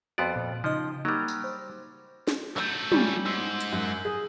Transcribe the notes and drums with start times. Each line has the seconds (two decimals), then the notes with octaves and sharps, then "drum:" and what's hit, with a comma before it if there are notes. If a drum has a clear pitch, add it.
0.18 F2 B3 F#4 D5 C6
0.36 A#2
0.64 C#3 F3 D#4 D#5
1.05 F#3 G3 A#3 D#4
1.28 drum: tambourine
1.44 C5
2.28 drum: snare
2.57 F#3 A3 E6 G6, drum: clap
2.92 G3 C#4, drum: tom
3.26 G#2 E6
3.61 drum: hi-hat
3.73 F#2
4.05 G#4